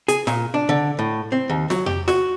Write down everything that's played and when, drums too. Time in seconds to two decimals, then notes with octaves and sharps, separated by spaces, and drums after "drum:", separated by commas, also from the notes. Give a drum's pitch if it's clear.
0.08 G#4, drum: hi-hat
0.27 A#2, drum: snare
0.54 D4
0.69 D3
0.99 A2
1.32 C4
1.50 D#2
1.70 F#3, drum: snare
1.86 G4, drum: tom F2
2.08 F#4, drum: snare